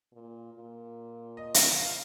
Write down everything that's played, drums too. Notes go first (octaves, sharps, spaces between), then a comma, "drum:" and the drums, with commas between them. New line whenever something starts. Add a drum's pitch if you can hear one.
A#2
A#2
D#5
drum: hi-hat
F5